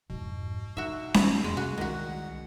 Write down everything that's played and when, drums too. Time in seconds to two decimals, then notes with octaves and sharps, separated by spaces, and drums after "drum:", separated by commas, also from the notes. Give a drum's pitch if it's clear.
0.10 F2 G#2 B2
0.77 G3 D#4 F#4 E5
1.14 D3, drum: snare C#4
1.44 F2 G#3
1.57 C3 F#4
1.78 C2 D#3 G#3 F#4 F#5